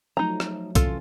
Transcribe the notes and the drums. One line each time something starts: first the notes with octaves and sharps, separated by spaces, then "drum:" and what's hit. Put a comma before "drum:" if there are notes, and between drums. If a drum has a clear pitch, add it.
F3 F#3 A3 D#4 A#5
drum: rim click
C3 E3 C#4 F4 A4, drum: kick, hi-hat